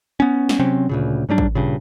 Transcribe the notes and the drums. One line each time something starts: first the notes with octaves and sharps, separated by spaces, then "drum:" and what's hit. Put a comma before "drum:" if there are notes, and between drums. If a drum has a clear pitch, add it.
B3 C#4
drum: snare
C3 F#3 C4 C#4
D2 A#2 C#3
G#2 F#3 G3 D4
drum: kick
G2 A#2 C#3